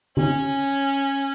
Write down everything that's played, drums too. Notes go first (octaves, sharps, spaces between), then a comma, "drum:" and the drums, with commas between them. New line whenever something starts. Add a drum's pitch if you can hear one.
C#4, drum: tom D3